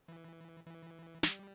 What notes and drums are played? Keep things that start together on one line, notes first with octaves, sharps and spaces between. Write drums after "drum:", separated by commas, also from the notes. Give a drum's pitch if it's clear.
E3
E3
G3, drum: snare